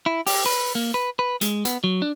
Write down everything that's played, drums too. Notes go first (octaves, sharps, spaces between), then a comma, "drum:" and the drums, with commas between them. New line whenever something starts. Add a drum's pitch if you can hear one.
E4
G4, drum: open hi-hat
B4
A#3
B4
B4
G#3, drum: hi-hat
B3, drum: hi-hat
F#3
D4